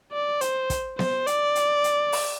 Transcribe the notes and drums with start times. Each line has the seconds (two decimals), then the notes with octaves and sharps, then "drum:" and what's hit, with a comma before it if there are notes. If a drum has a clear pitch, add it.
0.12 D5
0.41 C5, drum: hi-hat
0.70 drum: kick, hi-hat
0.99 C5, drum: snare B3
1.27 D5, drum: hi-hat
1.55 drum: hi-hat
1.84 drum: hi-hat
2.12 drum: open hi-hat